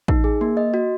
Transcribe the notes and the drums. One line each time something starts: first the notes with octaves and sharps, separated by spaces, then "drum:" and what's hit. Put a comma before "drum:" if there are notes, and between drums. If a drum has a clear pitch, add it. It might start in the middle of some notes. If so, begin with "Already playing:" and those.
D#4, drum: kick A1
G#4
A#3
D#5
F#4